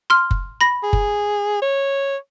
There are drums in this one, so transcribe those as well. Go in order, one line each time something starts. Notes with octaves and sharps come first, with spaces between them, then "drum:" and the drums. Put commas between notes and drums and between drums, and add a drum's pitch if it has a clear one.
C6 F6
drum: kick F#1
B5 A#6
G#4
drum: kick F#1
C#5